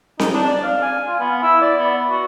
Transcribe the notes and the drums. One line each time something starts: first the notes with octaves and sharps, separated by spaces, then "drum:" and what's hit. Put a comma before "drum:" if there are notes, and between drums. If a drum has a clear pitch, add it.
D#4, drum: snare C4
D4
D5
F5
G#5
F4
B3
E4
D5
B3
F#4